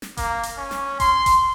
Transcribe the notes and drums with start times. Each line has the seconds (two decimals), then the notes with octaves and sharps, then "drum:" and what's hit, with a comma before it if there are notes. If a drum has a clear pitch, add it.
0.02 drum: snare
0.17 A#3, drum: kick F1, hi-hat
0.43 drum: hi-hat
0.57 C#4
0.71 drum: snare
1.00 C6, drum: kick F1, hi-hat
1.26 drum: kick F1, hi-hat